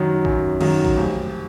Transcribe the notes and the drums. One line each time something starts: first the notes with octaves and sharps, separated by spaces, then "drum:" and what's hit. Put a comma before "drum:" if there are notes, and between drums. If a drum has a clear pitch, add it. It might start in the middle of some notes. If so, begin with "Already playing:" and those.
Already playing: F#2 D#3 F#3
F#2, drum: kick A#1
D#3 F#3, drum: cymbal
drum: kick A#1
F1